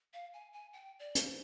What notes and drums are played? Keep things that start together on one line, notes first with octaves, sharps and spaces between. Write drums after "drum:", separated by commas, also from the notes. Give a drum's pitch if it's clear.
F5
G#5
G#5
G5
D5
drum: hi-hat
C5